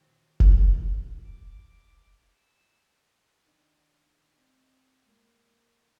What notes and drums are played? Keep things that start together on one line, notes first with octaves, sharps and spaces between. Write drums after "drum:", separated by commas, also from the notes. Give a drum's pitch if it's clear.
A#2 D#3 F#3 C4 C5
drum: kick
D6
E6
D#3 D4 D#4
C4 D#5
G#3 A#3